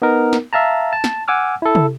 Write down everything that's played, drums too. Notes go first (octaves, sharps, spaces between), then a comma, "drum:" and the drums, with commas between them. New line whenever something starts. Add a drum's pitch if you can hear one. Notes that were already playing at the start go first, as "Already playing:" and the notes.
B3 D#4 A#4
drum: snare
E5 F5 A5 A#5
A5
drum: snare
F#5 G#5 D6 E6 F6
E4 A4
drum: tom